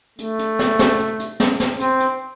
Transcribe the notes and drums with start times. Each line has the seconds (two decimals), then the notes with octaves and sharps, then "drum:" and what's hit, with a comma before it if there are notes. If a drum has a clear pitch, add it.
0.19 A3, drum: hi-hat
0.39 drum: hi-hat
0.59 drum: snare
0.79 drum: snare
0.99 drum: hi-hat
1.20 drum: hi-hat
1.40 drum: snare
1.60 drum: snare
1.80 C4, drum: hi-hat
2.00 drum: hi-hat